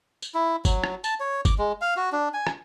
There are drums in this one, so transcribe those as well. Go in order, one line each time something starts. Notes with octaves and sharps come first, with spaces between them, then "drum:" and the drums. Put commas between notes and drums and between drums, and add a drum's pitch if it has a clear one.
drum: tambourine
E4
F#3, drum: kick, tambourine
drum: rim click
A5, drum: tambourine
C#5
D6, drum: kick, tambourine
G#3
F5
F#4
D4
G#5
drum: rim click